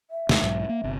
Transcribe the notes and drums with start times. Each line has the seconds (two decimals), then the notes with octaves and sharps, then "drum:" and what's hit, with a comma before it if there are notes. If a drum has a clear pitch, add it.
0.11 E5
0.29 E2 G#3, drum: snare
0.42 B1 G#2 F#3
0.69 A#3
0.84 G1 C3